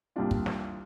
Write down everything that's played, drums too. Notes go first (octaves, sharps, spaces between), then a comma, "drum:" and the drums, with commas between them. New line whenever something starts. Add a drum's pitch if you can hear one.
C2 A#2 G3 D4 F4
drum: kick
drum: snare